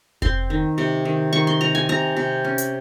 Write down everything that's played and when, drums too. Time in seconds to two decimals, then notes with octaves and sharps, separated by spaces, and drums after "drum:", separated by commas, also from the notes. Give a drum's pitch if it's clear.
0.22 C4 C6, drum: kick F1
0.50 D#3
0.78 C3
1.05 D#3
1.33 D#3 C#6
1.47 C6
1.61 C3 A#5
1.75 G#5
1.89 C3 A#5
2.16 C3
2.45 C#4
2.58 drum: hi-hat